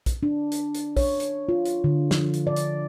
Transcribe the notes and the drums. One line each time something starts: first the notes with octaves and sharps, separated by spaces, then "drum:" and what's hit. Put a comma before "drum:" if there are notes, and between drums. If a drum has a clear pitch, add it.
drum: kick, hi-hat
D4
drum: hi-hat
drum: hi-hat
C#5, drum: kick, open hi-hat
drum: hi-hat
F4
drum: hi-hat
D3
F3, drum: snare
drum: hi-hat
D5
drum: hi-hat